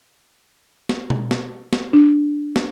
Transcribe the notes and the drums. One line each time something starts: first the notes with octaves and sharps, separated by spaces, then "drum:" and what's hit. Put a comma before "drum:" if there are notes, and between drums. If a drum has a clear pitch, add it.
drum: snare
drum: tom B2
drum: snare
drum: snare
D4
drum: snare